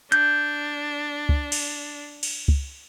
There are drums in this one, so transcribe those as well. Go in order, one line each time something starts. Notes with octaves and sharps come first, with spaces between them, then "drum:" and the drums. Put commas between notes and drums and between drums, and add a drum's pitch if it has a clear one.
D4 G6, drum: hi-hat
drum: kick C#2
drum: cymbal
drum: cymbal
drum: kick C#2